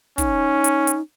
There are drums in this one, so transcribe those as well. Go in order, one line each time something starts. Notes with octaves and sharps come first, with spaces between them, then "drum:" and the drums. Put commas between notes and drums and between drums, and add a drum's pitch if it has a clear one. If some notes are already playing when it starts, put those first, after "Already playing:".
C#4 D#4, drum: kick, hi-hat
drum: hi-hat
drum: hi-hat